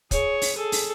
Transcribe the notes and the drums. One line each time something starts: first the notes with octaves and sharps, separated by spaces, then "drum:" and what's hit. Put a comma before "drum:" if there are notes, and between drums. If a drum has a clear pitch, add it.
G#4 C#5, drum: kick, hi-hat
drum: open hi-hat
G#4 A4
drum: open hi-hat